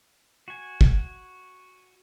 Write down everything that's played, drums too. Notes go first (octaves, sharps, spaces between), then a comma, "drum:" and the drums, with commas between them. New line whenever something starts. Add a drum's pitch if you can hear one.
F#4 G#5
drum: kick